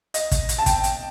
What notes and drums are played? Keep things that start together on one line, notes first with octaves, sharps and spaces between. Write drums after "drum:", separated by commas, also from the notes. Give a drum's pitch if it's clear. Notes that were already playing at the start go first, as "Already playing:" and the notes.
D#5, drum: hi-hat
drum: kick, hi-hat
drum: hi-hat
A5
G5, drum: kick, hi-hat
drum: hi-hat